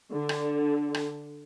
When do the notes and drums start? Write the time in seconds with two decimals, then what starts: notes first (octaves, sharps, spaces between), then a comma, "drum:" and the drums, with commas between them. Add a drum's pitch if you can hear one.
0.13 D3
0.29 drum: rim click
0.94 drum: rim click